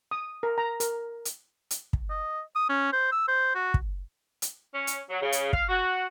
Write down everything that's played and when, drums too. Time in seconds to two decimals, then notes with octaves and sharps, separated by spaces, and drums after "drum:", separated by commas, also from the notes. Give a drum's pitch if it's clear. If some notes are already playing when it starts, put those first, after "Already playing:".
0.11 D#6
0.43 A#4
0.58 A#5
0.80 A#4, drum: hi-hat
1.25 drum: hi-hat
1.71 drum: hi-hat
1.93 drum: kick
2.10 D#5
2.56 D#6
2.69 C#4
2.93 C5
3.12 E6
3.28 C5
3.55 F#4
3.74 drum: kick
4.42 drum: hi-hat
4.75 C#4
4.87 drum: hi-hat
5.10 F#3
5.22 C#3
5.32 drum: hi-hat
5.53 F5, drum: kick
5.69 F#4